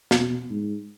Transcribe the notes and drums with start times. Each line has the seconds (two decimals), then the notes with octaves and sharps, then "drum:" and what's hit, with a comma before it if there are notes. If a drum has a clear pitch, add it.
0.11 B2, drum: snare
0.50 G#2